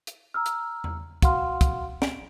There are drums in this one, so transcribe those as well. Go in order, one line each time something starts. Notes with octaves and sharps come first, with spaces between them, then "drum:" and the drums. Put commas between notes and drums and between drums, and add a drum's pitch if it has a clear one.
drum: hi-hat
A#5 E6 F6
drum: hi-hat
drum: tom E2
F#4 F5 F#5 C6 F6, drum: kick, hi-hat
drum: kick, hi-hat
D7, drum: snare